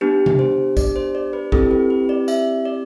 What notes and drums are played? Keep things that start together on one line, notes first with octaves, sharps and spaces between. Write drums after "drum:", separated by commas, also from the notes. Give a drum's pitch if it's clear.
B3 D4 G4 B4
drum: tom C3
C5
D5, drum: kick, tambourine
C5
D5
B4
C4 E4 G4 A4, drum: kick
B4
B4
D5
E5, drum: tambourine
D5